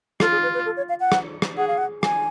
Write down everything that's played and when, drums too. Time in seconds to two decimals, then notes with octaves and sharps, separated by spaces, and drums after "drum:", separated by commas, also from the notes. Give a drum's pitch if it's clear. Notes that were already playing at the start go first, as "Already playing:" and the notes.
0.20 F4 A4, drum: rim click
0.32 G#4
0.43 B4
0.54 B4
0.66 A4
0.77 C#5
0.89 F5
1.00 F#5
1.12 drum: rim click
1.42 drum: rim click
1.57 G#4 F#5
1.68 F5
1.78 F#5
2.03 G#5, drum: rim click